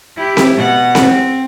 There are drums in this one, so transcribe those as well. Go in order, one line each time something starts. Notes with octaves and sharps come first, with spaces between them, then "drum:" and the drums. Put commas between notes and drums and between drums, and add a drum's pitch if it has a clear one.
E4 G4
drum: snare C4
B2 F#5
drum: snare C4
C4